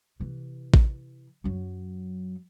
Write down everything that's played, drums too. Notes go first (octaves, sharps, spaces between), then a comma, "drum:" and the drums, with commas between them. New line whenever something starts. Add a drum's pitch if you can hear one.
C3 E3
drum: kick A1
F#2 F#3